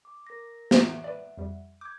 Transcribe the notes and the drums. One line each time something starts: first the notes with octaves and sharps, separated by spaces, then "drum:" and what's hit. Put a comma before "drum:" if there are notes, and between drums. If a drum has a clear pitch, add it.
D6
A#4 A#6
E5 F#5, drum: snare
B4 D5
F2 G3
D6 G6 G#6